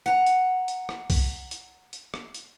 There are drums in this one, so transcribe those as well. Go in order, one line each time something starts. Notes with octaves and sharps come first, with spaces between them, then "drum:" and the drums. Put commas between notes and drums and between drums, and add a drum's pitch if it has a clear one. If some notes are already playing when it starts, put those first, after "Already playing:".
F#5 A#5
drum: hi-hat
drum: hi-hat
drum: rim click
drum: kick C2, open hi-hat
drum: hi-hat
drum: hi-hat
drum: rim click
drum: hi-hat